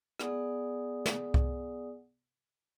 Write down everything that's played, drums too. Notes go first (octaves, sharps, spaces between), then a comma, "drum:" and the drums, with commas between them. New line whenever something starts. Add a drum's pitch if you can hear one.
B3 G#4 D5 F#5 G#5 D#6, drum: rim click
drum: snare
drum: kick C2